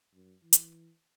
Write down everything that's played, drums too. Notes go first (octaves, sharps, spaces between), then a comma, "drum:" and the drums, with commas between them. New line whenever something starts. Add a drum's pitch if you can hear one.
F#2
E3
drum: hi-hat